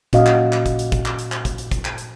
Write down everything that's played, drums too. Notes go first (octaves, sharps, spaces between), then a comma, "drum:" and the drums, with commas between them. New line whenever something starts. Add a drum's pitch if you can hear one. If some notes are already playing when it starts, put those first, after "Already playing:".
A#2 C#4 F#4 D#5 F5, drum: kick, hi-hat
drum: clap
drum: clap
drum: kick, hi-hat
drum: hi-hat
drum: kick, hi-hat
drum: clap
drum: hi-hat
drum: clap
drum: kick, hi-hat
drum: hi-hat
drum: kick, hi-hat
drum: clap
drum: hi-hat